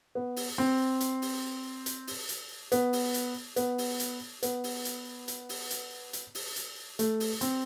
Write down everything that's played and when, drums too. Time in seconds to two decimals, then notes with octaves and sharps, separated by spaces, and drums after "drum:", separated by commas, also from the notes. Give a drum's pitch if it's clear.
0.15 B3
0.36 drum: open hi-hat
0.58 C4
1.01 drum: hi-hat
1.22 drum: open hi-hat
1.86 drum: hi-hat
2.07 drum: open hi-hat
2.29 drum: hi-hat
2.72 B3, drum: hi-hat
2.93 drum: open hi-hat
3.14 drum: hi-hat
3.56 B3, drum: hi-hat
3.78 drum: open hi-hat
4.00 drum: hi-hat
4.43 B3, drum: hi-hat
4.64 drum: open hi-hat
4.85 drum: hi-hat
5.28 drum: hi-hat
5.49 drum: open hi-hat
5.71 drum: hi-hat
6.13 drum: hi-hat
6.35 drum: open hi-hat
6.56 drum: hi-hat
6.99 A3, drum: hi-hat
7.20 drum: open hi-hat
7.41 C4, drum: hi-hat